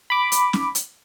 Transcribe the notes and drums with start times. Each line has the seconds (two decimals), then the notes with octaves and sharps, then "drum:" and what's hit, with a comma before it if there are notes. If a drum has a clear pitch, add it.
0.10 B5 D6
0.32 drum: hi-hat
0.53 drum: snare C#4
0.75 drum: hi-hat